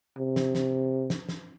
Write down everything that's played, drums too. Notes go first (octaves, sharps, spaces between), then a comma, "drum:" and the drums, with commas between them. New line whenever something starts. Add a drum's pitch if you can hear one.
C3
drum: snare
drum: snare
drum: snare
drum: snare